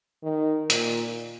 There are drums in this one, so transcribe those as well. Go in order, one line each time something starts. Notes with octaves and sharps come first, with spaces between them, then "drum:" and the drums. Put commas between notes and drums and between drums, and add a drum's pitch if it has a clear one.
D#3
A#2, drum: hi-hat